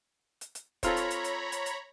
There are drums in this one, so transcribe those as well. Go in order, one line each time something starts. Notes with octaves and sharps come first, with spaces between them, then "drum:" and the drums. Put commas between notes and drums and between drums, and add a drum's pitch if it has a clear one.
drum: hi-hat
drum: hi-hat
C4 F4 A4 C#5 A#5 B5, drum: kick, hi-hat
drum: hi-hat
drum: hi-hat
drum: hi-hat
drum: hi-hat
drum: hi-hat